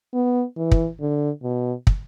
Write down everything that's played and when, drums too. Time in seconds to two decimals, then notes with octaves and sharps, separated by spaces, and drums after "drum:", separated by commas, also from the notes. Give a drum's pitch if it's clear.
0.14 B3
0.57 E3
0.71 drum: kick
1.01 D3
1.43 B2
1.87 drum: kick